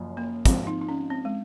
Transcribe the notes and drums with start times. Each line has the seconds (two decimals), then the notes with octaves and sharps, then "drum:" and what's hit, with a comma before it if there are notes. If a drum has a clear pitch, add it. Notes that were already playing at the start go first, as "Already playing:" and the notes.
Already playing: F#1 F#2 F3
0.17 A#3
0.45 G#1 G#2 F3 C4, drum: kick, hi-hat
0.67 D#4
0.81 D#4
0.89 C#4
1.10 C4
1.25 G#3